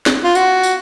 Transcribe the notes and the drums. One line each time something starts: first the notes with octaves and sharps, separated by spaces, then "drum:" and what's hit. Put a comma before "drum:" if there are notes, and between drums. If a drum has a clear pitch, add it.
drum: snare
F4
F#4, drum: tambourine
drum: tambourine